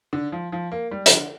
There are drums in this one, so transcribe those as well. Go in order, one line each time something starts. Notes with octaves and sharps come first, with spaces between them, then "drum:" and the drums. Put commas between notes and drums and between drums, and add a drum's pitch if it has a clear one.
D3
F3
F3
A#3
G3
F3, drum: hi-hat
D3